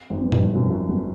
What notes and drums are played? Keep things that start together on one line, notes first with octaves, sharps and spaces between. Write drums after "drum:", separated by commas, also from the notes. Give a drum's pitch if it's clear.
G#1 G#2
F#3 B3
G1 G2, drum: tom A2
F#2 B2
F2
F#2
F#3 B3